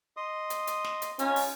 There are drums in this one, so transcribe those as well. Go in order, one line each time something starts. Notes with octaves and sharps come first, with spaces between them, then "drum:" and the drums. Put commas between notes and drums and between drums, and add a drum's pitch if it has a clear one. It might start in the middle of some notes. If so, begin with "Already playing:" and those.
D#5 C6 D#6
drum: hi-hat
drum: hi-hat
drum: snare
drum: hi-hat
G#3 C#4 D#4 F4, drum: hi-hat
drum: open hi-hat